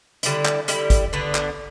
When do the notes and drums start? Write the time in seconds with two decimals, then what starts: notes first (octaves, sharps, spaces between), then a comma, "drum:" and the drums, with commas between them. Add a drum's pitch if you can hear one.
0.23 D3 G3 E4, drum: hi-hat
0.45 drum: clap
0.68 D3 G3 E4, drum: hi-hat
0.90 drum: kick A1, hi-hat
1.13 D3 B3 D4
1.35 drum: clap